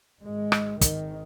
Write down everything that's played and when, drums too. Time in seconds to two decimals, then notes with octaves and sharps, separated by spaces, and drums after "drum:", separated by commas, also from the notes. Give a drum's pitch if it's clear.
0.22 G#1 G#2 G#3
0.52 drum: rim click
0.81 G#1 G#2 D#3, drum: kick, hi-hat